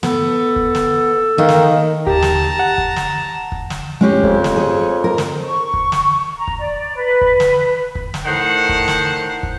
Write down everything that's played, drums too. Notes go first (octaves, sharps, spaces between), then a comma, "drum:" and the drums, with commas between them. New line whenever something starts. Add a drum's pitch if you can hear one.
B3 A4, drum: snare
drum: kick
drum: snare
D#3 A#3
drum: snare
D#2 G4 A5 A#5, drum: kick
drum: snare
F#5
drum: kick
drum: snare
drum: kick
drum: snare
G#3 C#4 G4
F2, drum: kick
drum: snare
G#4 C#5
A#4
drum: snare
C#6
drum: kick
drum: snare
A#5
drum: kick
D5
B4
drum: kick
drum: snare
drum: kick
drum: snare
A2 D#3 C5 F#5
drum: kick
drum: snare
drum: kick